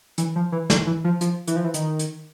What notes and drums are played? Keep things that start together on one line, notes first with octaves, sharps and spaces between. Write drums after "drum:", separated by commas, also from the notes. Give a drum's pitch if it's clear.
E3, drum: hi-hat
F3
E3
D#3, drum: snare
E3
F3
F3, drum: hi-hat
E3, drum: hi-hat
F3
E3
D#3, drum: hi-hat
drum: hi-hat